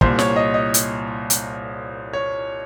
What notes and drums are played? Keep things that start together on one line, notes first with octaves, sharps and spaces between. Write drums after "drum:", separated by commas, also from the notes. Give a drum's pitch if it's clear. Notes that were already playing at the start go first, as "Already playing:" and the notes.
C2 A#2 C5, drum: kick
C#5, drum: snare
D#5
D#5
drum: hi-hat
drum: hi-hat
C#5